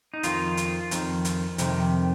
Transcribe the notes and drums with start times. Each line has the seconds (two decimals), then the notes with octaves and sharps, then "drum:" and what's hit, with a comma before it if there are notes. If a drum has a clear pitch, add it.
0.14 D#4
0.23 F2 D#3 F4, drum: hi-hat
0.57 drum: hi-hat
0.91 F2 D#3, drum: hi-hat
1.25 drum: hi-hat
1.58 F2 C3 D#3, drum: hi-hat